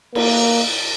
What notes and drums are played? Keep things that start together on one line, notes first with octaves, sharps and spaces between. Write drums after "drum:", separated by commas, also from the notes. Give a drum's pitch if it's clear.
A#3, drum: cymbal